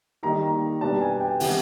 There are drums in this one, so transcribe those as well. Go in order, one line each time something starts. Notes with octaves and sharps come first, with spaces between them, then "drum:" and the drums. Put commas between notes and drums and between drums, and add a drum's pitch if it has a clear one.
D#3 G3 A#3 D#4 A#5
B2 G3 B3 D4 A5
G#5
G5
C3 E3 G3 B3 D#4 F#5, drum: open hi-hat